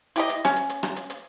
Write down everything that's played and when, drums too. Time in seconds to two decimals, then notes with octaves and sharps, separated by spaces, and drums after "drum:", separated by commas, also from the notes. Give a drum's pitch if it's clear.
0.16 E4 G4 D#5, drum: hi-hat
0.29 drum: hi-hat
0.45 C#4, drum: rim click
0.56 drum: hi-hat
0.69 drum: hi-hat
0.83 drum: rim click
0.96 drum: hi-hat
1.10 drum: hi-hat